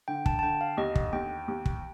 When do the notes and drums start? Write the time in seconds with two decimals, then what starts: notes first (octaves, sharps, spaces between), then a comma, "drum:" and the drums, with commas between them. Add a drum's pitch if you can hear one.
0.08 D3 G5
0.26 A5, drum: kick
0.39 A5
0.43 D3 G5
0.61 F5
0.77 D#2 D#5
0.96 drum: kick
1.13 D#2 G5
1.48 D#2
1.66 drum: kick